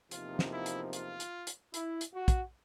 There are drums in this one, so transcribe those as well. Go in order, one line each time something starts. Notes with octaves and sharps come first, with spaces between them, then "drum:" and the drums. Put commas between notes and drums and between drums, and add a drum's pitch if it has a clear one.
E2 C3 F3 A#3 D#4 F4, drum: hi-hat
drum: snare
E4
drum: hi-hat
F4, drum: hi-hat
drum: hi-hat
drum: hi-hat
E4, drum: hi-hat
drum: hi-hat
F#4
drum: kick, hi-hat